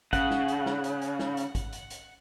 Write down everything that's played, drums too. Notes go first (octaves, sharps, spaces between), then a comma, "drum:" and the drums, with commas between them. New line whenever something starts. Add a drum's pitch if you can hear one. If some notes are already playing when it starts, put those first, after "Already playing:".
C#3 F#5, drum: kick, hi-hat
drum: snare
drum: hi-hat
drum: snare
drum: hi-hat
drum: hi-hat
drum: snare
drum: hi-hat
drum: kick, hi-hat
drum: hi-hat
drum: hi-hat